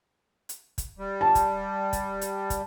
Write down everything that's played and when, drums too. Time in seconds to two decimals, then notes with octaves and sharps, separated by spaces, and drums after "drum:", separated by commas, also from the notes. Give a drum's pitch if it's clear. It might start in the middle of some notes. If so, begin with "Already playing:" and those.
0.49 drum: hi-hat
0.78 drum: kick, hi-hat
0.98 G3
1.21 A5
1.35 drum: kick, hi-hat
1.93 drum: kick, hi-hat
2.21 drum: hi-hat
2.50 drum: kick, hi-hat